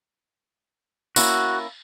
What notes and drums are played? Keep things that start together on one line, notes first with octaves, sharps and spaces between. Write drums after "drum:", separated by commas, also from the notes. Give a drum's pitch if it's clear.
A#3 C#4 E4 F#4, drum: tambourine